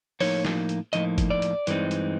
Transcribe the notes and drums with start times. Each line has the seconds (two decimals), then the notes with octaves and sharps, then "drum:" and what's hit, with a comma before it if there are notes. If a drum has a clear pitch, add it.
0.20 A2 F3 A#3 D#4 C#5, drum: open hi-hat
0.45 drum: snare
0.69 drum: hi-hat
0.93 A2 F3 A#3 D#4 D#5, drum: hi-hat
1.18 drum: kick, hi-hat
1.30 D5
1.42 drum: hi-hat
1.67 G2 E3 G#3 C4 D#4, drum: hi-hat
1.91 drum: hi-hat